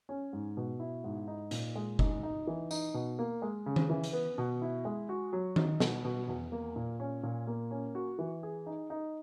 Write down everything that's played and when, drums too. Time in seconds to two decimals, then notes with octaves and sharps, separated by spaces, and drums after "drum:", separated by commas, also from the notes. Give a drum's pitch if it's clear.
0.09 C#4
0.33 G#2
0.57 B2
0.80 E4
1.04 G#2
1.28 D#4
1.51 A#2, drum: hi-hat
1.75 G#3
1.99 D#4, drum: kick F1
2.23 D#4
2.47 E3
2.71 D#4, drum: tambourine
2.94 B2
3.19 A#3
3.42 G#3
3.66 C#3
3.76 drum: tom D#3
3.89 E3
4.04 drum: hi-hat
4.13 B3
4.38 B2
4.62 E4
4.85 G#3
5.09 F#4
5.33 F#3
5.56 D#4, drum: tom D#3
5.80 B2, drum: snare
6.05 B2
6.28 E2
6.52 A#3
6.76 A#2
7.00 C#4
7.23 A#2
7.47 A#3
7.71 C#4
7.95 F#4
8.19 E3
8.43 G#4
8.66 D#4
8.90 D#4